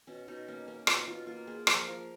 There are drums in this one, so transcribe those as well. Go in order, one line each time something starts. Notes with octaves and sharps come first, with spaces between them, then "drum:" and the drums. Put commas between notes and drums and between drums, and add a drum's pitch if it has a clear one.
B2 C#4
B2 D#4
A#3 C#4
A#3 C#4
B2 F4, drum: rim click
B2 F4
A#3 F4
A#3 G#4
F3 A#4, drum: rim click
F3 F5